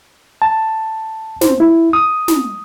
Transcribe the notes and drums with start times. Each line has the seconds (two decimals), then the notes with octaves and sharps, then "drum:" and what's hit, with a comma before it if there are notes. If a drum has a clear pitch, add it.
0.42 A5
1.41 C5, drum: snare
1.60 E4
1.93 D#6
2.28 drum: snare